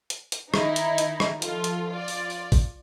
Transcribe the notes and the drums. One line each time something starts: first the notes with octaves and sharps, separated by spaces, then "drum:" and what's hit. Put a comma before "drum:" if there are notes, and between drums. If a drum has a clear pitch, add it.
drum: hi-hat
drum: hi-hat
D#3 D#4 E4, drum: rim click
drum: hi-hat
drum: hi-hat
drum: rim click
F3 F4 A4, drum: hi-hat
drum: hi-hat
F4 D5
drum: open hi-hat
drum: open hi-hat
drum: kick, open hi-hat